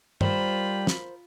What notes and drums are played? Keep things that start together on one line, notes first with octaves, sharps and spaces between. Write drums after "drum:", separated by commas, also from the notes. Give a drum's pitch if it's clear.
G3 F4 A#4 C5 A#5 B5, drum: tom
drum: snare